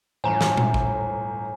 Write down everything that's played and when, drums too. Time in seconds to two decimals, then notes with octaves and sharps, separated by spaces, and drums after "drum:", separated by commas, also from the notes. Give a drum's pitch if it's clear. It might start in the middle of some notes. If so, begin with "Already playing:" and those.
0.24 G1 A2 C5 G#5 A#5
0.41 drum: snare
0.57 drum: tom A#2
0.74 drum: kick